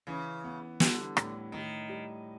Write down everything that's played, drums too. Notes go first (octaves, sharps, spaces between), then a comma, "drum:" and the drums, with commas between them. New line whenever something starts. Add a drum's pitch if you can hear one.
C#3 E3
B3
D3 G3, drum: snare
A2, drum: rim click
A2 D#3
G3